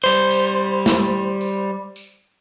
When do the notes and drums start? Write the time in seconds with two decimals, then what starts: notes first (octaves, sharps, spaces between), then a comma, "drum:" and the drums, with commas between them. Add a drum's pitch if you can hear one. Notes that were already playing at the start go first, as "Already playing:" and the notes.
0.04 G3 C5
0.31 drum: tambourine
0.86 drum: snare
1.41 drum: tambourine
1.96 drum: tambourine